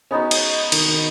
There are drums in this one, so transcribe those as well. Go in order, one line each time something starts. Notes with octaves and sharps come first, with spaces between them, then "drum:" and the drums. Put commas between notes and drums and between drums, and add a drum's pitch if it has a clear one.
G#3 B3 C#4 D#4 F#4
drum: cymbal
D#3, drum: cymbal
D#3